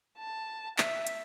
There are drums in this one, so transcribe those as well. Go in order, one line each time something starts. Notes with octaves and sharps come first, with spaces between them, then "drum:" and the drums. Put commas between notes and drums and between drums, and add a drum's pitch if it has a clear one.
A5
E5, drum: clap
drum: hi-hat